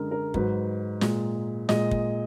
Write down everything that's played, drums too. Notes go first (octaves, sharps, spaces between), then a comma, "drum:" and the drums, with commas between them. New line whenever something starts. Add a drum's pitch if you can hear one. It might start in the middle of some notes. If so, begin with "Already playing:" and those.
Already playing: F#2 D3 G#3 A#4
A#4
G#2 F#3 B4, drum: kick
A#2 G#3, drum: snare
A#2 G#3 D#5, drum: snare
drum: kick